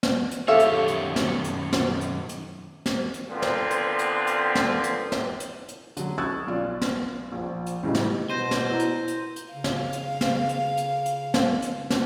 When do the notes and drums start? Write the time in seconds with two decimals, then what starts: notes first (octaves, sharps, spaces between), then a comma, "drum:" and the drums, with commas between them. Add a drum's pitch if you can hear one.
0.03 drum: snare
0.31 drum: hi-hat
0.48 F#2 D#3 G4 A4 C#5 E5 F5
0.59 drum: hi-hat
0.88 drum: hi-hat
1.16 drum: snare
1.44 drum: hi-hat
1.73 drum: snare
2.01 drum: hi-hat
2.29 drum: hi-hat
2.86 drum: snare
3.14 drum: hi-hat
3.29 A#2 D3 B3 C4
3.42 drum: snare
3.71 drum: hi-hat
3.99 drum: hi-hat
4.27 drum: hi-hat
4.55 drum: snare
4.84 drum: hi-hat
5.12 drum: snare
5.40 drum: hi-hat
5.68 drum: hi-hat
5.97 D3 F#3, drum: hi-hat
6.18 C#6 D#6 E6 F#6 G#6 A6
6.47 B1 F4 D5
6.82 drum: snare
7.32 A#1 F3
7.66 drum: hi-hat
7.83 A2 C#3 E3 G3 D#4
7.95 drum: snare
8.30 B2 C5 G6 A#6 D#7
8.51 drum: snare
8.70 E4 D5 A#5
8.79 drum: hi-hat
9.08 drum: hi-hat
9.36 drum: hi-hat
9.53 C#3 F5
9.64 drum: snare
9.93 drum: hi-hat
10.21 drum: snare
10.49 drum: hi-hat
10.77 drum: hi-hat
11.06 drum: hi-hat
11.34 drum: snare
11.62 drum: hi-hat
11.90 drum: snare